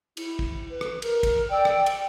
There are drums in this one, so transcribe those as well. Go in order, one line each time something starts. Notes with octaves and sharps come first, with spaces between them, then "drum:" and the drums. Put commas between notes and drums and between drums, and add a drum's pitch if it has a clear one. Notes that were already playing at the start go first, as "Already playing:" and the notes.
E4, drum: cymbal
drum: kick
B4
drum: rim click
A#4, drum: cymbal
drum: kick, cymbal
D5 G5 E6
drum: rim click
drum: cymbal